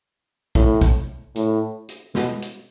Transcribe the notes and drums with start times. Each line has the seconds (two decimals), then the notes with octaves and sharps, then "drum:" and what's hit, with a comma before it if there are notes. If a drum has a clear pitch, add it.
0.55 A2, drum: kick
0.81 drum: kick, hi-hat
1.36 A2, drum: hi-hat
1.89 drum: hi-hat
2.15 B2, drum: snare
2.42 drum: hi-hat